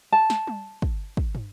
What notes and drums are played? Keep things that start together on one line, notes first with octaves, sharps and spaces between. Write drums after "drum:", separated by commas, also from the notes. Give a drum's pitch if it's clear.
A5
drum: snare
drum: tom G3
drum: kick
drum: kick
drum: tom